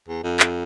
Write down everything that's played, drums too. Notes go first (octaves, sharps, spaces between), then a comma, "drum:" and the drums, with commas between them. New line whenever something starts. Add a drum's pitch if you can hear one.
E2
F2
drum: clap